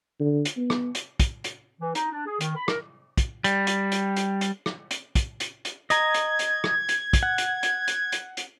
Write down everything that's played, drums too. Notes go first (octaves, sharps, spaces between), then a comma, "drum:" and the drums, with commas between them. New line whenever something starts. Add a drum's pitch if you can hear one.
D3
drum: hi-hat
B3
drum: rim click
drum: hi-hat
drum: kick, hi-hat
drum: hi-hat
E3
D#4, drum: hi-hat
D4
G#4
D#3, drum: hi-hat
B5
A#4, drum: rim click
drum: kick, hi-hat
G3, drum: hi-hat
drum: hi-hat
drum: hi-hat
drum: hi-hat
drum: hi-hat
drum: rim click
drum: hi-hat
drum: kick, hi-hat
drum: hi-hat
drum: hi-hat
D#5 A#5 G#6, drum: hi-hat
drum: hi-hat
drum: hi-hat
drum: rim click
drum: hi-hat
drum: kick, hi-hat
F#5
drum: hi-hat
drum: hi-hat
drum: hi-hat
drum: hi-hat
drum: hi-hat